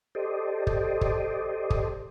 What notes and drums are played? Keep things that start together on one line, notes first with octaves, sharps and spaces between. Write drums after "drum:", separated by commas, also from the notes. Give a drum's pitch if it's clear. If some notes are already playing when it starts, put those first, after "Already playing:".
G4 A4 C5 D5 D#5
drum: kick
drum: kick
drum: kick